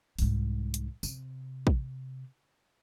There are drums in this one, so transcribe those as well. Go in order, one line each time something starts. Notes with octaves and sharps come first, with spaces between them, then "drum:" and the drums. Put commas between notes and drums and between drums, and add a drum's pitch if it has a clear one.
C2 G#2, drum: open hi-hat
drum: hi-hat
C3, drum: tambourine
drum: kick